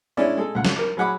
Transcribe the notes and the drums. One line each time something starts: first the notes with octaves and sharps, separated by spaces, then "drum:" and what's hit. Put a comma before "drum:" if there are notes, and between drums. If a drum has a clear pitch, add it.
G#3 C#4 D4 E4 D5
G#3 A4
C#2 F#5
drum: snare
A#4 D6
F#3 G#4 F#5 B5 D6